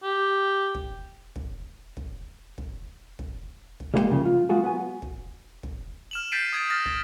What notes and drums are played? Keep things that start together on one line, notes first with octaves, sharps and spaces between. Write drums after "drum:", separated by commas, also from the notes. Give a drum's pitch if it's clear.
G4
drum: kick
drum: kick
drum: kick
drum: kick
drum: kick
drum: kick
G3 G#3 A#3 E4 G4 G5
C2 F#2 C#3 F3
F4
F#3 G#3 F4 F#4 G#4
B3 F#4 G#5
drum: kick
drum: kick
F6 E7 F#7
G6 A6 B6 C7 D7 D#7
D#6 G#6 A6 D7
F6 G6 A6 A#6
drum: kick